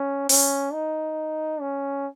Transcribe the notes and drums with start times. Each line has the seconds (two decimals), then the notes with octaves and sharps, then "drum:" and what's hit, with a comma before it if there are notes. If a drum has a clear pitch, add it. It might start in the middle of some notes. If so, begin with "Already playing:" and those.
Already playing: C#4
0.29 C#4, drum: open hi-hat
0.72 D#4
1.61 C#4